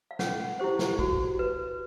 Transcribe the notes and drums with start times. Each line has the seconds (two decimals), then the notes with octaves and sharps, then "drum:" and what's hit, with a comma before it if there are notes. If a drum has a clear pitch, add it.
0.11 F5
0.19 C#4 F#5, drum: snare
0.60 E4 G4 C5
0.79 drum: snare
0.99 F#4, drum: kick
1.39 B4